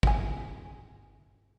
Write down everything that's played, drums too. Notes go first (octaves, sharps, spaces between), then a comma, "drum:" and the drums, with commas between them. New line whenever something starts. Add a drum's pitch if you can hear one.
E5 G#5, drum: kick